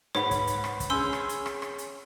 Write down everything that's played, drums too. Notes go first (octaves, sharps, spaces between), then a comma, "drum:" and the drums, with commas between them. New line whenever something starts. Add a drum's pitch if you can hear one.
G#2 B4 C#5 F#5 B5 B6, drum: rim click
drum: kick, hi-hat
drum: hi-hat
drum: rim click
drum: kick, hi-hat
C#4 G#4 G#5 C6 E6 G6
drum: rim click
drum: hi-hat
drum: rim click
drum: rim click
drum: hi-hat